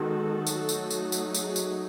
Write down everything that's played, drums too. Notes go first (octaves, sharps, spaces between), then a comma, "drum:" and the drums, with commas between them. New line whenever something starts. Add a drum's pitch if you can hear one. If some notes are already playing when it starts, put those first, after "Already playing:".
Already playing: D#3 G#3 B3 D#4 F#4 A4
F#3 A3 D#4, drum: tambourine
drum: tambourine
drum: tambourine
drum: tambourine
G#4, drum: tambourine
drum: tambourine